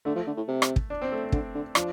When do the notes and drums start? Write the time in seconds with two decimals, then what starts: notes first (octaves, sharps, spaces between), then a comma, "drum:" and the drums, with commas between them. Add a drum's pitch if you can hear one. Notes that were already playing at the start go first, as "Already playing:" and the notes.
0.05 D3 A3
0.16 F3
0.27 D3
0.37 A2
0.48 C3
0.62 drum: rim click
0.76 drum: kick
0.90 D4
1.02 C4
1.12 A3
1.23 C4
1.32 D3, drum: kick
1.55 D3
1.75 F3 D4, drum: rim click